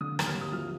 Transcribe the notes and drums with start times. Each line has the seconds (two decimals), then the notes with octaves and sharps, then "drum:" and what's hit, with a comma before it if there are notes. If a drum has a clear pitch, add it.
0.01 D3 D#6
0.19 D#2, drum: rim click
0.27 F6
0.35 D#2
0.41 D#6
0.53 F3 F6